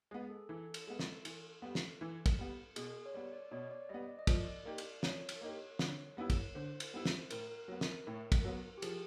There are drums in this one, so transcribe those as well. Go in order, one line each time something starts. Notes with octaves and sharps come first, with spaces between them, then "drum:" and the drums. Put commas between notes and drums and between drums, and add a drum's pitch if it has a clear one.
G#3 B3 G#4
A4
E3 A4
drum: cymbal
G#3 B3
drum: snare
E3, drum: cymbal
G3 B3
drum: snare
E3
drum: kick, cymbal
G3 B3
B2 G#4, drum: cymbal
C#5
G3 B3 D5
D5
B2 C#5
D5
G3 B3 D#5
D5
D#5
F3 D5, drum: kick, cymbal
A#3 D#4 G4
drum: cymbal
F3 C#5, drum: snare
drum: cymbal
A#3 D#4 G4
D3, drum: snare
G3 B3 E4
drum: kick, cymbal
D3 C5
drum: cymbal
G3 B3 E4
drum: snare
A2 A#4, drum: cymbal
F#3 B3
drum: snare
A2
drum: kick, cymbal
F#3 B3
G4
F3 G#4, drum: cymbal